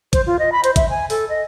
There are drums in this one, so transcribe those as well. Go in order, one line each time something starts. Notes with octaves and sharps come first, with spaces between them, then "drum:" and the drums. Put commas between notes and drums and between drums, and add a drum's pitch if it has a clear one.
C5, drum: kick A1, hi-hat
F4
D#5
B5
C5, drum: hi-hat
E5, drum: kick A1, hi-hat
G#5
A4, drum: open hi-hat
D#5